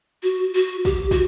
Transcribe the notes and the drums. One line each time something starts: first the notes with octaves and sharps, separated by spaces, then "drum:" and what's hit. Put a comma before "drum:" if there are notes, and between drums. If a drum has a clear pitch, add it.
F#4
F#4
G4, drum: kick
F#4, drum: kick